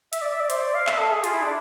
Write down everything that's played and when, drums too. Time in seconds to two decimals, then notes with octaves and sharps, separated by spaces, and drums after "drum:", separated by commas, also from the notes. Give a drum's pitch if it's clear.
0.13 E5, drum: hi-hat
0.22 D5
0.31 E5
0.40 D5
0.50 C5, drum: hi-hat
0.62 D5
0.75 F5
0.87 E5, drum: clap
0.99 A4
1.12 G#4
1.24 F4, drum: hi-hat
1.33 E4
1.42 D4